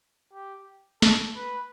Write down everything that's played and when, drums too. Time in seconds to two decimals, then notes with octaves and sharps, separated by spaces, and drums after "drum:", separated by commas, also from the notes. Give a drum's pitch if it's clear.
0.33 G4
1.02 A4, drum: snare
1.36 B4